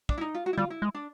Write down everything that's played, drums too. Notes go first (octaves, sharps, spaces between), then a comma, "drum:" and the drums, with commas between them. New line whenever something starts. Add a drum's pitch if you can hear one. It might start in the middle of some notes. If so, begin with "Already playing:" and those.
D4, drum: kick
E4
D#4
F4
F#4
E4
G3 F4, drum: tom
E4
G#3
D4